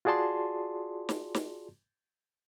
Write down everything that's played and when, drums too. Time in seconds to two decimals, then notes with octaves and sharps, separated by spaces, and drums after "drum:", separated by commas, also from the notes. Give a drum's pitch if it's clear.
0.05 F4 F#4 G#4 D5 A5 C6
1.09 drum: snare
1.35 drum: snare